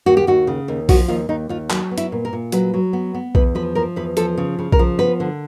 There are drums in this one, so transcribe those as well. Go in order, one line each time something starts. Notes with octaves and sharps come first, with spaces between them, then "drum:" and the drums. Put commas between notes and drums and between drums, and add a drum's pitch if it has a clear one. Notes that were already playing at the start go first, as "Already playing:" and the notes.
D#2 F#4
G4
D#2 F#4
C#3
D#2
F3 F#4, drum: kick B1, open hi-hat
D#2 F4
D#2 D#4
D#2 F4
F#3, drum: clap
B3
E4, drum: hi-hat
A#2
A#4
A#2
F#3 B4, drum: hi-hat
F#3
B3
B3
E2 B4, drum: kick B1
F3 B4
F3 A#4
E2 B4
F3 A4, drum: hi-hat
C#3
C#3
A#4, drum: kick B1
F3
B3 B4
D3